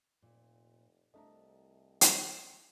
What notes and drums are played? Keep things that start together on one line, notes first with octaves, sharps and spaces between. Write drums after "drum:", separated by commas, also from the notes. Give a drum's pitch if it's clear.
F1 A#2
C2 A3 D4 D#5 E5 A#5
drum: hi-hat